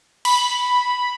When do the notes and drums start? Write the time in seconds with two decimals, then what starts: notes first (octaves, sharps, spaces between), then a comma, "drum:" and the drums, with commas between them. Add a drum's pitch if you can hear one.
0.25 B5, drum: cymbal